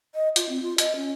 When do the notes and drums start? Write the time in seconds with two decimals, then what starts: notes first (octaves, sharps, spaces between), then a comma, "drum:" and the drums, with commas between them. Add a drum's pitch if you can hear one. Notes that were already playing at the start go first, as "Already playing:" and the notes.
0.15 D#5
0.36 F4, drum: hi-hat
0.49 C4
0.63 F4
0.78 D#5, drum: hi-hat
0.96 C#4